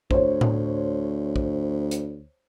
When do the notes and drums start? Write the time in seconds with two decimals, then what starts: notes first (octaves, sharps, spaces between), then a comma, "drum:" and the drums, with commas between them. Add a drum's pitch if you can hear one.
0.11 D2 C5 C#5, drum: kick
0.41 drum: tom A2
1.36 drum: kick
1.91 drum: hi-hat